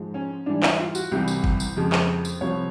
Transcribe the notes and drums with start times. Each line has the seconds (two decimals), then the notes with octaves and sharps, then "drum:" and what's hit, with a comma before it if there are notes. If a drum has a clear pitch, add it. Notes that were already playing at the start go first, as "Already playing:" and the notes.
Already playing: G#2 F3 G#3
0.14 C#4
0.46 G#2 E3 G3 D4
0.63 E4, drum: clap
0.79 F4
0.95 F#4, drum: tambourine
1.11 C2 C3 E3 G3 G4
1.28 drum: tambourine
1.44 drum: kick G1
1.60 drum: tambourine
1.76 F2 C#3 F3 G#3
1.92 drum: clap
2.25 drum: tambourine
2.41 C2 C3 F3 C#5